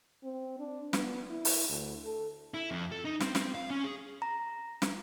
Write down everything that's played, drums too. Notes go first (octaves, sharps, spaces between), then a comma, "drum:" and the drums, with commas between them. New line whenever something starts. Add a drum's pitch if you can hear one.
C4
D4
B3, drum: snare
E4
drum: open hi-hat
D2
A4
E4
F2
A4
D#4
C4, drum: snare
C4, drum: snare
F5
C#4
G#4
A#5
drum: snare